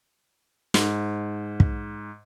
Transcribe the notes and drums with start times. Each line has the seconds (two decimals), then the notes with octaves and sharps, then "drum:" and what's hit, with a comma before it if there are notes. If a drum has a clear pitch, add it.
0.74 G#2, drum: snare
1.60 drum: kick